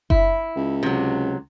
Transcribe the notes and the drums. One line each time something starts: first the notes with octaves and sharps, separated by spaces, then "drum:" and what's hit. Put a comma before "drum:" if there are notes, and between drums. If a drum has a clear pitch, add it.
E4, drum: kick F#1
C#2
C3 F#3